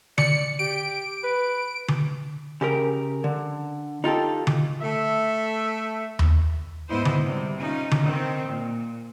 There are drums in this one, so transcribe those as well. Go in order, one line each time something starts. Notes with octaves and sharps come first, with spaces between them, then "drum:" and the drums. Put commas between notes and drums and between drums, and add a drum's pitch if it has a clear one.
D5 C#7, drum: tom D3
G4 D7
B4
drum: tom D3
C#3 G4 A#4
D3
D#4 F4 G4 A4
drum: tom D3
A3 E5
drum: tom D#2
G#2 B3 E4 C5 D#5
drum: tom D3
C3 G3
C#4 D#4 F4
drum: tom D3
D#3 C4
A#2